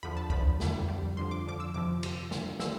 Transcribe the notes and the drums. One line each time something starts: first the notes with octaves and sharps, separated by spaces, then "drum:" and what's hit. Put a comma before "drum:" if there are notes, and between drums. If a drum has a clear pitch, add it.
E2 D3 F3 B5
A5
E2 D3 F3 B5, drum: kick C2
F2 D3 G3, drum: snare
F2 D3 G3
F2 D3 F3 C6
D6
F2 D3 F3 D6
E6
F2 C3 F3 D6
F2 C3 F3, drum: cymbal
F2 D3 G3, drum: snare
D3 G3 E6, drum: snare